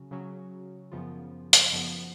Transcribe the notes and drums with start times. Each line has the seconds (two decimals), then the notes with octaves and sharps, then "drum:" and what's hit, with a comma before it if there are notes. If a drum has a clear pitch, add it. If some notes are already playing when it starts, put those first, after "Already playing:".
Already playing: C#3 F#3 C#4 F#4
0.11 C#3 F#3 C#4 F#4
0.92 F#2 C#3 F3 B3 F4
1.53 drum: hi-hat
1.72 F#2 C#3 F3 B3 F4